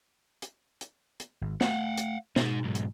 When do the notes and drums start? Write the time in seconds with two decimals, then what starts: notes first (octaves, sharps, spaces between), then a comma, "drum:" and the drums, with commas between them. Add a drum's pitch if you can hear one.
0.42 drum: hi-hat
0.81 drum: hi-hat
1.20 drum: hi-hat
1.41 G#1
1.61 A3 F5 F#5, drum: snare
1.97 drum: hi-hat
2.36 B2 D#4 G#4, drum: snare
2.64 B1 G#2
2.75 drum: hi-hat